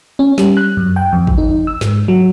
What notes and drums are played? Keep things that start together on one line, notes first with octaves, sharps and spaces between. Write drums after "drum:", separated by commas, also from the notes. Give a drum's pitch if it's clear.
C#4
G3, drum: snare
F#6
F#2
G5
F2
drum: kick
D#4
E6
G#2, drum: snare
F#3